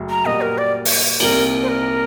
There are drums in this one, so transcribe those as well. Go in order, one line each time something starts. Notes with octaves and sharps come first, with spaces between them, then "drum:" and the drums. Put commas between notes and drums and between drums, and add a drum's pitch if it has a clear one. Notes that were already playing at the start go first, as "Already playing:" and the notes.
Already playing: F#1 F#2 F#3 A3
A#5
A#2 G3 A#3 F#4 D#5
A#4
D5
drum: open hi-hat
C2 C3 G3 A#3 A#4, drum: cymbal
C5
A#4